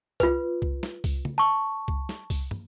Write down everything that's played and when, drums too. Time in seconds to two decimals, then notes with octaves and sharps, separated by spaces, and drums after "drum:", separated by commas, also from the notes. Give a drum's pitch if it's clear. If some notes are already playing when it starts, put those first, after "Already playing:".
0.20 F4 B4, drum: kick C2, hi-hat
0.62 drum: kick C2
0.83 drum: snare
1.04 drum: kick C2, open hi-hat
1.25 drum: tom C#3
1.38 A5 C#6
1.88 drum: kick C2
2.09 drum: snare
2.30 drum: kick C2, open hi-hat
2.51 drum: tom